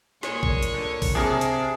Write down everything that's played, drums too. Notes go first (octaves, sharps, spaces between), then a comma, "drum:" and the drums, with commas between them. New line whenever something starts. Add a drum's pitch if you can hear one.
A#2 G#3 C#5, drum: snare
drum: kick A#1
drum: hi-hat
D3
drum: kick A#1, open hi-hat
C3 D4 G#4 A#4
drum: hi-hat